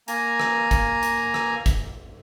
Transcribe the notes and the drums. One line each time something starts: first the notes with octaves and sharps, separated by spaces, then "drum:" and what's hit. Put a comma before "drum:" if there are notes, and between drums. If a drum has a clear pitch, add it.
A#3 G#5 A#5, drum: hi-hat
drum: rim click
drum: kick, hi-hat
drum: hi-hat
drum: rim click
drum: kick, hi-hat